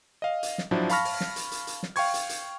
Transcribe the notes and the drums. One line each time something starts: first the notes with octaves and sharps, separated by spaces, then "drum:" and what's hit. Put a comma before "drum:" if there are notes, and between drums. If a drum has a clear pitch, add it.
D#5 F5
drum: hi-hat
drum: snare
F3 F#3 D4 E4, drum: tom
F5 A5 B5 C#6 F6 A#6, drum: hi-hat
drum: open hi-hat
drum: snare
drum: hi-hat
drum: hi-hat
drum: hi-hat
drum: snare
F5 G5 C#6 G#6, drum: open hi-hat
drum: hi-hat
drum: hi-hat